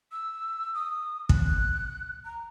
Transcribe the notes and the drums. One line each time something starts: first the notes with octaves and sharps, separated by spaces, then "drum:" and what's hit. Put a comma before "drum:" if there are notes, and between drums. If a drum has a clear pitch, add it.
E6
D#6
F#6, drum: kick
A#5